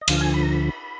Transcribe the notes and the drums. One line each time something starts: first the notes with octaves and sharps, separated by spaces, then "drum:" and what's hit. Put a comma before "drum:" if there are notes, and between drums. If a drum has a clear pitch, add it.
D#5
D2 D3 F3 F5, drum: cymbal
G#5
B5
A#5
B5